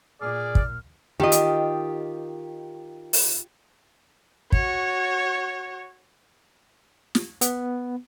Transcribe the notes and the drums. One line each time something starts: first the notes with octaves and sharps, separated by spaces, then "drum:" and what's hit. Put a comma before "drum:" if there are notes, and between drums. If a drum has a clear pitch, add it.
A#2 G#4 D5 F6
drum: kick
D#3 F4 G4 D#5
drum: hi-hat
drum: open hi-hat
F#4 C#5, drum: kick
drum: snare
B3, drum: hi-hat